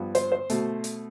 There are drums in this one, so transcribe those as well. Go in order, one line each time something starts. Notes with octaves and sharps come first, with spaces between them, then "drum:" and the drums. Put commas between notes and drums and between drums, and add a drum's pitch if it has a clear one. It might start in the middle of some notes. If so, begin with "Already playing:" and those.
Already playing: G2 F3 B3
C5, drum: hi-hat
C5
B2 A3, drum: hi-hat
drum: hi-hat